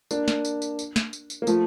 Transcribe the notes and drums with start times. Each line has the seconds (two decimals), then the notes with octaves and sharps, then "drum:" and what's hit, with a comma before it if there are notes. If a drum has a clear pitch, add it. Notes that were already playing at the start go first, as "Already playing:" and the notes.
0.11 A#3 D4, drum: tambourine
0.28 drum: snare
0.45 drum: tambourine
0.62 drum: tambourine
0.79 drum: tambourine
0.96 drum: snare
1.13 drum: tambourine
1.30 drum: tambourine
1.42 A#3
1.47 F3 A3, drum: tambourine